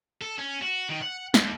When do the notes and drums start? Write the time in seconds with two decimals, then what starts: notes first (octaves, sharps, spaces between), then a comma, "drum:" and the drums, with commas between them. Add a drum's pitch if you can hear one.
0.21 A4
0.38 C#4
0.62 F#4
0.89 D#3
1.01 F#5
1.34 D#2, drum: snare